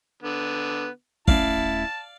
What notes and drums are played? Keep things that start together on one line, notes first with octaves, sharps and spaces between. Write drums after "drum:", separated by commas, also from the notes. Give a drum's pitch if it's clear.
D3 B3
D#1 A3 C#4 E4 D5 F5 A5, drum: kick